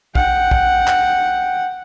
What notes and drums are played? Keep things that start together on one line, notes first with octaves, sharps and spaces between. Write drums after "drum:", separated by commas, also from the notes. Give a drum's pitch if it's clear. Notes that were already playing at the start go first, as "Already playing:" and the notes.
F#5 G5, drum: kick
drum: kick
drum: clap